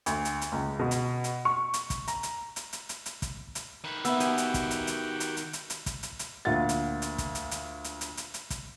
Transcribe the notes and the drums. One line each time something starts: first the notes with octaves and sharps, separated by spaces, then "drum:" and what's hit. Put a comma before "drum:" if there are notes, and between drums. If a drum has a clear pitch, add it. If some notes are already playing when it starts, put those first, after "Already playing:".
D2, drum: hi-hat
drum: hi-hat
drum: hi-hat
C#2
B2
drum: hi-hat
drum: hi-hat
C#6
drum: hi-hat
drum: kick, hi-hat
A#5, drum: hi-hat
drum: hi-hat
drum: hi-hat
drum: hi-hat
drum: hi-hat
drum: hi-hat
drum: kick, hi-hat
drum: hi-hat
D#3 B4
B3 E5 B5 E6, drum: hi-hat
F#4 G4 G#5, drum: hi-hat
drum: hi-hat
drum: kick, hi-hat
drum: hi-hat
drum: hi-hat
drum: hi-hat
drum: hi-hat
drum: hi-hat
drum: hi-hat
drum: kick, hi-hat
drum: hi-hat
drum: hi-hat
D2 A#2 F4 F#5 A6
drum: hi-hat
drum: hi-hat
drum: kick, hi-hat
drum: hi-hat
drum: hi-hat
drum: hi-hat
drum: hi-hat
drum: hi-hat
drum: hi-hat
drum: kick, hi-hat